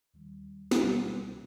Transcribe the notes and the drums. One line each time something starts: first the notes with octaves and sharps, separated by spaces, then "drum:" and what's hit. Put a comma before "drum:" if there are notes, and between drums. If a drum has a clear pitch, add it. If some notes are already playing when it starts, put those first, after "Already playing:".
D#2 D#3 G3
C#2 B2 G3 A#3, drum: snare
C3 E3 G#3 C#4